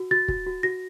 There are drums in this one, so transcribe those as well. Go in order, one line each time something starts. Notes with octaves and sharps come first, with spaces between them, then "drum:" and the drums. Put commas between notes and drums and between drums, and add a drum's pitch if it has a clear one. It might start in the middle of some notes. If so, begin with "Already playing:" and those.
Already playing: F#4
F#4 A6
F#4, drum: kick
F#4
F#4 A#6